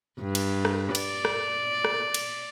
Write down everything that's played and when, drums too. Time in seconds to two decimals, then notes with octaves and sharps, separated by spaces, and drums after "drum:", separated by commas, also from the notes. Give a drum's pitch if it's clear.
0.21 G2
0.35 drum: cymbal
0.65 drum: rim click
0.95 D5, drum: cymbal
1.25 drum: rim click
1.85 drum: rim click
2.14 drum: cymbal